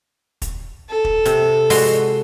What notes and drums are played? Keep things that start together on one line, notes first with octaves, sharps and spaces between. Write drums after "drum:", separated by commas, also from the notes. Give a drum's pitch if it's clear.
drum: kick, hi-hat
A4
drum: kick
C3, drum: hi-hat
G#3 F#4 C6, drum: open hi-hat